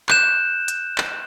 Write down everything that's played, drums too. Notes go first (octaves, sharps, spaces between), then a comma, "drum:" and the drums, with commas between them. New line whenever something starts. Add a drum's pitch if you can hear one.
F#6 G6 E7, drum: clap
drum: hi-hat
drum: clap